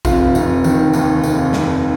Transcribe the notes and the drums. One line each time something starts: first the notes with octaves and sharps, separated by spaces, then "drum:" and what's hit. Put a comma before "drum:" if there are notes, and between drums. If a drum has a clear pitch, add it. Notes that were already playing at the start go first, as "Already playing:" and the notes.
F1 F4, drum: kick, tambourine
F1, drum: tambourine
D#3, drum: tambourine
D#2, drum: tambourine
F1, drum: tambourine
F1, drum: snare